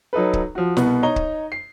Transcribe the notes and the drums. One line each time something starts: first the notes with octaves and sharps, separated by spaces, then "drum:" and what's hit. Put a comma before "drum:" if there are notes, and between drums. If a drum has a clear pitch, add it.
F#3 D#4 A4 B4
drum: kick C#1
F3 F#4
C2 B2 B3, drum: snare
D#4 C#5 D#5 A#5 G7
drum: kick C#1
C7